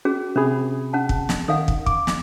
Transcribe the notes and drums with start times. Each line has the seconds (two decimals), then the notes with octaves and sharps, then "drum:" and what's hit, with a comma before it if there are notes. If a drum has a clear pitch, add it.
0.05 C#4 F#4 G#4
0.36 C3 C#4 G#4 B5
0.93 C#4 F#5 A5
1.09 drum: kick
1.29 drum: snare
1.48 D#3 A4 F5 F#5
1.68 drum: kick
1.86 D6, drum: kick
2.07 drum: snare